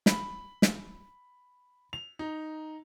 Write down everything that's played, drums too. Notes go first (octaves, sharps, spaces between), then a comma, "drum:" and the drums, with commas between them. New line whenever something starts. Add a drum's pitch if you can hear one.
B5, drum: snare
drum: snare
F7
D#4